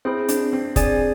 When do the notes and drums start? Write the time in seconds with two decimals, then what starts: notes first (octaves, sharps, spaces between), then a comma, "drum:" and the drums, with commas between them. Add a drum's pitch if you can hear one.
0.05 C4 E4 G#4 C5
0.28 D4, drum: hi-hat
0.53 C4
0.76 G#4 D5 G#5, drum: kick, hi-hat